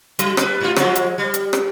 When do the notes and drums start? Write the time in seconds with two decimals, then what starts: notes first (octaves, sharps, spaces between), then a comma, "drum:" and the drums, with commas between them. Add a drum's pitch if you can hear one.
0.19 F#3, drum: hi-hat
0.37 G3 B4, drum: rim click
0.61 G#2 F4
0.76 F3 F#3 G#3, drum: rim click
0.95 drum: hi-hat
1.18 G3
1.34 drum: hi-hat
1.53 drum: rim click